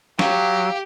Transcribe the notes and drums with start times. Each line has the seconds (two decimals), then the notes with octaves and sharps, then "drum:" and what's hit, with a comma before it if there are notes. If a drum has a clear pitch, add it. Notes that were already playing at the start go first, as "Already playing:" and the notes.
0.19 F#3 G4 F5, drum: snare